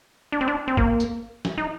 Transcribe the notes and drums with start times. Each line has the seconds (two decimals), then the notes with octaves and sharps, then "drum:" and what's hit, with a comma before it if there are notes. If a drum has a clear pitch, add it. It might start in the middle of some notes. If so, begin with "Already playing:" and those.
0.32 D4
0.41 C4
0.48 D4
0.68 C4
0.77 A#3, drum: kick
1.00 drum: tambourine
1.45 drum: snare
1.58 D#4